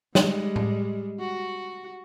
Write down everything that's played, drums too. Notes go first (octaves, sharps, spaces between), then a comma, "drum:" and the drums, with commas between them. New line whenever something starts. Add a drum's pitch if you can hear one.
G3 G#3, drum: snare
drum: tom A2
F#4